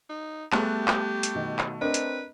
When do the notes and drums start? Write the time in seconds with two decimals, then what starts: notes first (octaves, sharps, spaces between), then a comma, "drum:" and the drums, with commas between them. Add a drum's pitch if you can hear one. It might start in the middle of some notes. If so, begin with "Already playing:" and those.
0.09 D#4
0.52 G3 A3 B3 G4 G#4 A5 F#6, drum: clap
0.88 drum: clap
1.23 drum: hi-hat
1.35 B2 D#3
1.59 drum: clap
1.81 C4 D4 A#4 B4 D#5
1.94 drum: hi-hat